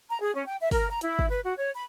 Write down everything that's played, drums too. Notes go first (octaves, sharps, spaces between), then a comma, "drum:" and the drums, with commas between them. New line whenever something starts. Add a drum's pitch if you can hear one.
A#5
G#4
C#4
G5
E5
A#4, drum: kick, open hi-hat
A#5
E4, drum: hi-hat
drum: kick
B4
F#4
C#5
B5